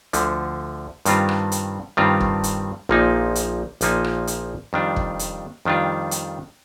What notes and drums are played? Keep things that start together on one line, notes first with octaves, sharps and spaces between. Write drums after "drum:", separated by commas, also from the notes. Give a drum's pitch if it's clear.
D2 D3 F3, drum: hi-hat
G2 D#3 G3 C4 F4, drum: hi-hat
drum: rim click
drum: hi-hat
G2 D#3 G3 C4 F4
drum: kick
drum: hi-hat
A#1 A#2 F3 A#3 D#4
drum: hi-hat
A#1 A#2 F3 A#3 D#4, drum: hi-hat
drum: rim click
drum: hi-hat
F2 D#3 G3 D4 F4
drum: kick
drum: hi-hat
F2 D#3 G3 D4 F4
drum: hi-hat